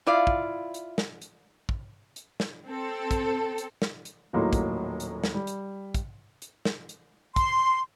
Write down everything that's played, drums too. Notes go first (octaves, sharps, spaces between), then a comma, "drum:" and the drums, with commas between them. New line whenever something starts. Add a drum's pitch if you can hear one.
E4 F4 D5 F5
drum: kick
drum: hi-hat
drum: snare
drum: hi-hat
drum: kick
drum: hi-hat
drum: snare
C4 A4
drum: kick, hi-hat
drum: hi-hat
drum: snare
drum: hi-hat
D#1 A2 F#3 A#3 D#4 C6
drum: kick, hi-hat
drum: hi-hat
drum: snare
G3
drum: hi-hat
drum: kick, hi-hat
drum: hi-hat
drum: snare
drum: hi-hat
C6, drum: kick, hi-hat